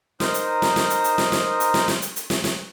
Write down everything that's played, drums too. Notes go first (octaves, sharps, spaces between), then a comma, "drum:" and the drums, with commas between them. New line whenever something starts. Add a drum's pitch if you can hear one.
D#4 A#4 C5 D#6, drum: snare
drum: hi-hat
drum: snare
drum: snare
drum: hi-hat
drum: hi-hat
drum: snare
drum: snare
drum: hi-hat
drum: snare
drum: snare
drum: hi-hat
drum: hi-hat
drum: snare
drum: snare